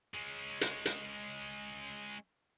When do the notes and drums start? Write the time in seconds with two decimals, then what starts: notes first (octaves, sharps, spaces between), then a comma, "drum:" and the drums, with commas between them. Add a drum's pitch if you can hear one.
0.14 G#3 C#4
0.61 drum: hi-hat
0.85 drum: hi-hat